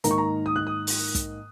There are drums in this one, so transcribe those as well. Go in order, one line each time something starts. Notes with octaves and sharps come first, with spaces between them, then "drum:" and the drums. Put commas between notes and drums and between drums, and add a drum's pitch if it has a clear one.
G#2 D#3 A#3 D#4 A#5, drum: hi-hat
C#6
A#5
D#6
F#6
D#6
drum: open hi-hat
drum: kick, hi-hat